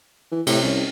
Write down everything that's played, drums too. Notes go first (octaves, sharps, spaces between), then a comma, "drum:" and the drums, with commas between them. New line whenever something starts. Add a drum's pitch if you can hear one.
E3
A2 C3, drum: cymbal
C2 C#4